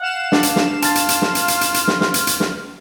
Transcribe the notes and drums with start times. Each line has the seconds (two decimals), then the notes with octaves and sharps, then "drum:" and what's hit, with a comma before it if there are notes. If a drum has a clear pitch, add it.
0.01 F5 F#5 E7
0.32 D4, drum: snare
0.43 drum: hi-hat
0.56 drum: snare
0.82 F4 A5 A6, drum: hi-hat
0.95 drum: hi-hat
1.09 drum: hi-hat
1.22 drum: snare
1.35 drum: hi-hat
1.48 drum: hi-hat
1.61 drum: hi-hat
1.74 drum: hi-hat
1.88 drum: snare
2.01 drum: snare
2.14 drum: hi-hat
2.27 drum: hi-hat
2.40 drum: snare